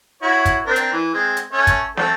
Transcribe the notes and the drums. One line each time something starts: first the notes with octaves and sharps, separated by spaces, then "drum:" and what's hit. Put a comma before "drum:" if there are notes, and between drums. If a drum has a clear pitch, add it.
E4 F#4 C#5
drum: kick, hi-hat
C4 D4 A#4
drum: hi-hat
E3
G#3 C4
drum: hi-hat
A3 C#4 A4
drum: kick, hi-hat
A3 C4 A4, drum: snare